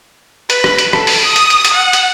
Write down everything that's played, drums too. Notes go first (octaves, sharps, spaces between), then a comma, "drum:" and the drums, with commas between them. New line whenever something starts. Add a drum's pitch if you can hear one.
B4, drum: hi-hat
drum: rim click
drum: hi-hat
A4, drum: rim click
drum: open hi-hat
D#6
drum: hi-hat
drum: hi-hat
drum: hi-hat
F#5
drum: hi-hat